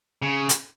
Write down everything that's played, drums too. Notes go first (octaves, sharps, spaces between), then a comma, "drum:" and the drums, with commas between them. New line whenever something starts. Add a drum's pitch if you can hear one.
C#3
drum: hi-hat